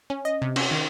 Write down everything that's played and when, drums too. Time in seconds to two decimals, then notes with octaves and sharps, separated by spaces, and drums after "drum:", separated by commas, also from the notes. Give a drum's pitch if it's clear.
0.10 C#4
0.25 D#5
0.42 C3
0.56 C#4, drum: cymbal
0.71 D#3